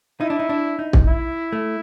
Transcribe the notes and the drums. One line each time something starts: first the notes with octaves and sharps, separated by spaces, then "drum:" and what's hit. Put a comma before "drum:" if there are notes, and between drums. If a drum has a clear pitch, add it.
D#4 E4
D4
D#4
D4
D#4
drum: kick
E4
A3